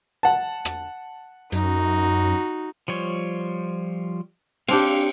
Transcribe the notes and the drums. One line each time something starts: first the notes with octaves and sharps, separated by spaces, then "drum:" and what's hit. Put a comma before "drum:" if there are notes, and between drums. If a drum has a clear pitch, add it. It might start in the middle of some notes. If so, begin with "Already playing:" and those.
F#5 A5
drum: rim click
F#2 D#4 F#4, drum: hi-hat
F3 G3 C#5
C4 D4 G4 F5, drum: cymbal